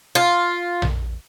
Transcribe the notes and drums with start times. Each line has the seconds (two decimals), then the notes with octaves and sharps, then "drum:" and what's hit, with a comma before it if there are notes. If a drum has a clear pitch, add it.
0.15 F4
0.82 drum: tom A#1